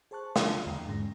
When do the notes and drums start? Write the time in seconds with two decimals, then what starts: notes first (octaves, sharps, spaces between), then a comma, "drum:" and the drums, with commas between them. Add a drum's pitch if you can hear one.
0.11 G#4 C5 A5 C#6 F#6
0.36 C#3 A#3 D4 F4, drum: snare
0.66 E2 D3 G5 A#5 C7
0.87 G#2 G#3 C#4 A#6